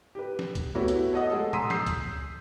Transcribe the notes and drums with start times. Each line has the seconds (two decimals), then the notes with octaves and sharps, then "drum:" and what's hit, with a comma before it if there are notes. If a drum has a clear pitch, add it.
0.15 G4 B4
0.39 drum: snare
0.55 drum: kick C#2, hi-hat
0.75 A3 B3 E4 F#4 G4 C#5
0.88 drum: hi-hat
1.13 A4 C#5 D#5 F#5 D#6
1.30 G#3 G#4 A4
1.53 A#5 C6 D#6 E6 B6 D#7, drum: tom A2
1.70 D#6 E6 G6 C7, drum: snare
1.87 drum: kick C#2, hi-hat